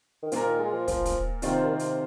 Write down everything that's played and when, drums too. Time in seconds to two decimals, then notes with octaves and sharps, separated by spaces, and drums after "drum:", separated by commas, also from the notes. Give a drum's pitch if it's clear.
0.23 D#3
0.32 A#2 F3 A#3 F4 A#4, drum: hi-hat
0.45 D#3
0.59 G#3
0.73 F3
0.88 F3, drum: kick, hi-hat
1.06 drum: kick, hi-hat
1.42 C3 D#3 C4 F4 C5, drum: hi-hat
1.64 A#2
1.70 C3
1.79 drum: hi-hat